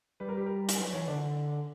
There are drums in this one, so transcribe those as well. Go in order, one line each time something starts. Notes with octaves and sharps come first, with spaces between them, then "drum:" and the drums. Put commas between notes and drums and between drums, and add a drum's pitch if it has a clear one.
G3 B4
A#4
G4
A#4
drum: hi-hat
F#3 B4
E3 C#5
D3 D4